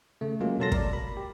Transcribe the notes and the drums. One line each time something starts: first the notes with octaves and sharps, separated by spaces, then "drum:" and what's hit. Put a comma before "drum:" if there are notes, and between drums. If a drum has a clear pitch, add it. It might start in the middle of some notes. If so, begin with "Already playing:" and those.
C#3 A3
F#3 G#3 A#3 C#4 F4
B2 F#3 A4 A5 C6 A#6
A#4 D5, drum: kick
B5
G4